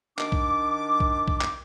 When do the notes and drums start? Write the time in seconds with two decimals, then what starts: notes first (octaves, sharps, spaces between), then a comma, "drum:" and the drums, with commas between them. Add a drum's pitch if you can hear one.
0.19 D#3 D4 D6, drum: clap
0.32 drum: kick B1
1.00 drum: kick B1
1.28 drum: kick B1
1.41 drum: clap